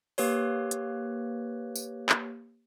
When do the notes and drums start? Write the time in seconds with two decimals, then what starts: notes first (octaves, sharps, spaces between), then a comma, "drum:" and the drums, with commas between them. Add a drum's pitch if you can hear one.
0.18 A#3 G4 B4 C#5, drum: open hi-hat
0.71 drum: hi-hat
1.76 drum: tambourine
2.09 drum: clap